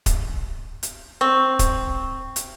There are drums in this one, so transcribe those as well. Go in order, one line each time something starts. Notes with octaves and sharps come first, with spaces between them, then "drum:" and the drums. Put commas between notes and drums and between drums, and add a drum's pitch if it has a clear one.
drum: kick D#1, hi-hat
drum: hi-hat
C4 C#6
drum: kick D#1, hi-hat
drum: hi-hat